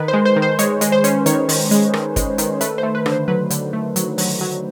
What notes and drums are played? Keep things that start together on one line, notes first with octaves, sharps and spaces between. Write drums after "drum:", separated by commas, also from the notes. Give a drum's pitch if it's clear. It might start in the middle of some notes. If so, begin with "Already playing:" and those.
Already playing: D#3 B4
C5
G#3
C5
D#3
C5
G#3 C#5, drum: hi-hat
G#3, drum: hi-hat
C5
C#4, drum: hi-hat
D#3 C#5, drum: hi-hat
D#3, drum: open hi-hat
G#3, drum: hi-hat
D#3, drum: rim click
G#3, drum: kick, hi-hat
D#3, drum: hi-hat
A3 B4, drum: hi-hat
A3 C5
B4
D3, drum: rim click
C5
F#3 B4
D3, drum: hi-hat
A3
F#3, drum: hi-hat
F#3, drum: open hi-hat
F#3